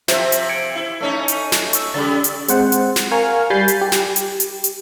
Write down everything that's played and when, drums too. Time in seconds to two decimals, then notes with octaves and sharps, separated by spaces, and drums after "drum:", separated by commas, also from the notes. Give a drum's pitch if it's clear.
0.08 C3 F3 C4 C5 E5, drum: snare
0.32 drum: hi-hat
0.49 G#6 C#7 D7
0.75 E4
1.01 A3 C#4 D#4
1.28 drum: hi-hat
1.52 drum: snare
1.73 C#6 E6, drum: hi-hat
1.94 C#3 G3 A6
2.24 drum: hi-hat
2.48 G#3 C4 C5 F#5, drum: hi-hat
2.72 drum: hi-hat
2.96 drum: snare
3.11 A#4 F5 G#5 C#6 F6
3.50 G3 G#5 B5 G6 A6 C7
3.68 drum: hi-hat
3.81 G4
3.92 drum: snare
4.16 drum: hi-hat
4.40 drum: hi-hat
4.64 drum: hi-hat